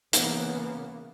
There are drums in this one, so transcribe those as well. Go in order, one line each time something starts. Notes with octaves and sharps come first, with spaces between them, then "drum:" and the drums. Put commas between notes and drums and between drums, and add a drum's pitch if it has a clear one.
C#3 E3 A#3 B3, drum: hi-hat